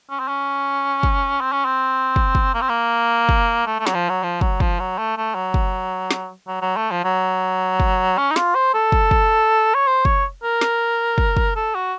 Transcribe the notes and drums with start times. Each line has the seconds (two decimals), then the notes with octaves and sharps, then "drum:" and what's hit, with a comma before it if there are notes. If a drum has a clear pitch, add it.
0.10 C#4
0.20 C4
0.28 C#4
1.03 drum: kick
1.41 C4
1.52 C#4
1.65 C4
2.16 drum: kick
2.35 drum: kick
2.54 A#3
2.61 C4
2.69 A#3
3.29 drum: kick
3.66 A3
3.80 A3
3.87 F#3, drum: snare
3.94 F3
4.09 F#3
4.23 F3
4.41 F#3, drum: kick
4.60 F3, drum: kick
4.80 F#3
4.98 A3
5.17 A3
5.35 F#3
5.54 drum: kick
6.11 drum: snare
6.48 F#3
6.62 F#3
6.77 A3
6.91 F3
7.04 F#3
7.80 drum: kick
8.17 C#4
8.31 D#4
8.36 F4, drum: snare
8.55 C5
8.74 A4
8.92 drum: kick
9.11 drum: kick
9.74 C#5
9.87 C5
10.05 C#5, drum: kick
10.43 A#4
10.61 drum: snare
11.18 drum: kick
11.37 drum: kick
11.56 A4
11.75 F#4